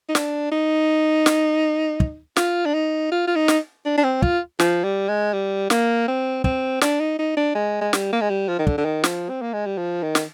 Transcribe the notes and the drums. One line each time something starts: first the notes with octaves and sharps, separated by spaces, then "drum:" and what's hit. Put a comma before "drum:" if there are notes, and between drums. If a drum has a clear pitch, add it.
D#4
D4, drum: snare
D#4
drum: snare
drum: kick
F4, drum: snare
D4
D#4
F4
F4
D#4
drum: snare
D4
D4
C4
F4, drum: kick
F3, drum: snare
G3
G#3
G3
A#3, drum: snare
C4
C4, drum: kick
D4, drum: snare
D#4
D#4
D4
G#3
G#3
G3, drum: snare
A#3
G#3
G3
F3
D#3
D3, drum: kick
D3
D#3
F3, drum: snare
C4
A#3
G#3
G3
F3
D#3
drum: snare